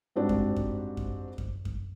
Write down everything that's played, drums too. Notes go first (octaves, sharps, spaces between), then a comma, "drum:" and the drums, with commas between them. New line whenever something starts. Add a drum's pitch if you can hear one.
G#2 G3 C4 D4 F#4 G4
drum: kick F#2
drum: kick F#2
drum: kick F#2
drum: kick F#2
drum: kick F#2